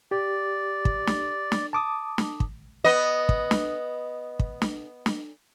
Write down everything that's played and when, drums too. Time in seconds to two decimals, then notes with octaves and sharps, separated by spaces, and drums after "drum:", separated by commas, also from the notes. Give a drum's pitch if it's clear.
0.11 G4 D5
0.85 drum: kick
1.07 drum: snare
1.52 drum: snare
1.73 A5 D6 D#6
2.18 drum: snare
2.40 drum: kick
2.84 B3 D#5
3.29 drum: kick
3.51 drum: snare
4.39 drum: kick
4.62 drum: snare
5.06 drum: snare